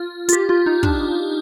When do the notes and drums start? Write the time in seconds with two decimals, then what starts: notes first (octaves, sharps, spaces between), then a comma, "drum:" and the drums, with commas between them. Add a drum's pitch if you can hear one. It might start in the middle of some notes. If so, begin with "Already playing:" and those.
Already playing: F4
0.29 F4, drum: hi-hat
0.33 G4
0.49 F4
0.66 D#4
0.83 D4, drum: kick